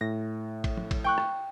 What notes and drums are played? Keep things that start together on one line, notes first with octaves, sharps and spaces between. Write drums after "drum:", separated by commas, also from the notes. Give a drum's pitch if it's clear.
A2 A#6
drum: kick, cymbal
drum: tom F3
drum: kick, cymbal
G5 C#6 F#6
drum: rim click